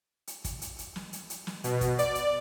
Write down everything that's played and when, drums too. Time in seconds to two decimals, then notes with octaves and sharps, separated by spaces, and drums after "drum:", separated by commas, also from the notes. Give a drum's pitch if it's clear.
0.27 drum: hi-hat
0.45 drum: kick, hi-hat
0.62 drum: hi-hat
0.79 drum: hi-hat
0.96 drum: snare
1.13 drum: hi-hat
1.30 drum: hi-hat
1.47 drum: snare
1.64 B2, drum: hi-hat
1.81 drum: kick, hi-hat
1.99 D5, drum: hi-hat
2.15 drum: hi-hat